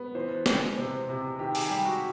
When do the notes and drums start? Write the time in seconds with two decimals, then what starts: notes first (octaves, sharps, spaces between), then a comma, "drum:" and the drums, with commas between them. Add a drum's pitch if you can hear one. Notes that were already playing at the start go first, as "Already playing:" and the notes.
Already playing: B3
0.15 E3 C5
0.46 G#3, drum: snare
0.77 C3 C5
1.09 C3
1.39 D#3 G4
1.55 G#4, drum: open hi-hat
1.70 G3 G4
1.85 F#4